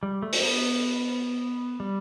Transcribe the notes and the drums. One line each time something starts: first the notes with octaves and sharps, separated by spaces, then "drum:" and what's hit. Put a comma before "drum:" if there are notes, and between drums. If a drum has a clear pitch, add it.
G3
A3
drum: open hi-hat
B3
G3